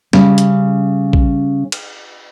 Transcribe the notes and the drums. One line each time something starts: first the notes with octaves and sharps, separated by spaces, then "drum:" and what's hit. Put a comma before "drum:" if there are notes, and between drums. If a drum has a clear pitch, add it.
C#3 G3 C#4, drum: snare
drum: hi-hat
drum: kick
drum: cymbal